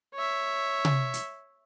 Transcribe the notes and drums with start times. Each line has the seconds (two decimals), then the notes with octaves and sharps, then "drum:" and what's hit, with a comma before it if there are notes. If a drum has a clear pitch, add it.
0.14 C#5 E5
0.85 drum: tom C3
1.14 drum: hi-hat